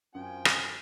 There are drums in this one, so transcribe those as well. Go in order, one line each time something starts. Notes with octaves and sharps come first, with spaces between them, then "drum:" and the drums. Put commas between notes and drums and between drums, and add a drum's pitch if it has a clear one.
F#2 C4 F4 G5 G#5
drum: rim click